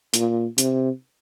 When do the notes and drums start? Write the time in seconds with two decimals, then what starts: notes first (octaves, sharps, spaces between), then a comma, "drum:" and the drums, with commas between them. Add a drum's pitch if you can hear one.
0.14 A#2, drum: hi-hat
0.58 C3, drum: hi-hat